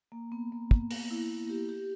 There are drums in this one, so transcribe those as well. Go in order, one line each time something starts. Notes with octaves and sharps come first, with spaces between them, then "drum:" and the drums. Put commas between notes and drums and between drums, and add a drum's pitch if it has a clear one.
A#3
B3
A#3
B3, drum: kick
B3, drum: open hi-hat
E4
G4
G4